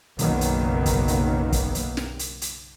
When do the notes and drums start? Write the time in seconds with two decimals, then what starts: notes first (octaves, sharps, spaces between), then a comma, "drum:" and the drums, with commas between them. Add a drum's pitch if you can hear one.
0.19 F#1 B1 D#3 F#3 A#3 B3, drum: hi-hat
0.41 drum: hi-hat
0.86 drum: kick, hi-hat
1.08 drum: hi-hat
1.52 drum: kick, hi-hat
1.75 drum: hi-hat
1.97 drum: snare
2.19 drum: hi-hat
2.42 drum: hi-hat